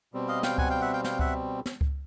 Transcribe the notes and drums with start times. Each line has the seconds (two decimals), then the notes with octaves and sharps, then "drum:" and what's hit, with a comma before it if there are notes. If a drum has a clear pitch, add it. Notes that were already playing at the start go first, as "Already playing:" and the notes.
0.14 B2 G3 C4
0.28 D#5 F5
0.43 F5 G5, drum: snare
0.58 F#5 G#5, drum: kick C#2
0.70 F5 G5
0.81 E5 F#5
0.93 F5 G5
1.04 F5 G5, drum: snare
1.19 E5 F#5, drum: kick C#2
1.66 drum: snare
1.81 drum: kick C#2